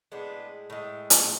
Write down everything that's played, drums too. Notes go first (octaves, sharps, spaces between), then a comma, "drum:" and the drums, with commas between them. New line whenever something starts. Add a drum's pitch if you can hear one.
A2 G#3 B3 D4
A2 G#3
drum: hi-hat